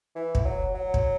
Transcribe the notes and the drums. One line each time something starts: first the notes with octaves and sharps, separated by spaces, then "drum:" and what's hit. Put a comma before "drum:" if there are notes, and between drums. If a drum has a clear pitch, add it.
E3
drum: kick
F#3
F#3
drum: kick